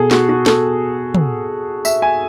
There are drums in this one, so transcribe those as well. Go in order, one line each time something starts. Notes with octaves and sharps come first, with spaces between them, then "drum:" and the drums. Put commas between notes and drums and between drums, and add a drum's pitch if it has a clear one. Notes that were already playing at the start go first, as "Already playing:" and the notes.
Already playing: B2 G#4 A4
F#4, drum: snare
F#4
A4, drum: snare
drum: tom
E5, drum: tambourine
G#5